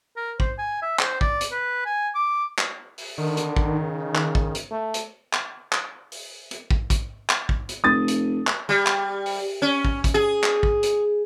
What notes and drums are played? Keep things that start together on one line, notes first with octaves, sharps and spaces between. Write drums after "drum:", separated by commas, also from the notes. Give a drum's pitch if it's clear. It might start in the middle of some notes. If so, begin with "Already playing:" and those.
A#4
C5, drum: kick
G#5
E5
C5, drum: clap
D5, drum: kick
drum: hi-hat
B4
G#5
D6
drum: clap
drum: open hi-hat
D3 D#3
drum: hi-hat
drum: kick
C#3
drum: clap
drum: kick
drum: hi-hat
A3
drum: hi-hat
drum: clap
drum: clap
drum: open hi-hat
drum: hi-hat
drum: kick
drum: kick, hi-hat
drum: clap
drum: kick
drum: hi-hat
F1 D#6 A6
drum: hi-hat
drum: clap
G3
drum: clap
drum: open hi-hat
C#4
drum: kick
drum: kick, hi-hat
G#4
drum: clap
drum: kick
drum: hi-hat